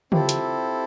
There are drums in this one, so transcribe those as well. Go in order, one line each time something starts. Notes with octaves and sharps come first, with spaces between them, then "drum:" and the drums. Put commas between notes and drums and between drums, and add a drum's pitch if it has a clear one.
C4 E4 F4 G4 A4, drum: tom C#3
drum: hi-hat